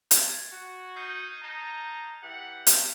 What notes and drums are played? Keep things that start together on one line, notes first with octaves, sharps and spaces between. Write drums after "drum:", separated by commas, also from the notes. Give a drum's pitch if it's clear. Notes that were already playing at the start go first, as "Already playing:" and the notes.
G#6 A6, drum: hi-hat
F#4
D#4 F6 G6 C7
D#4 A5 A#5
E3 G4 F#5
drum: hi-hat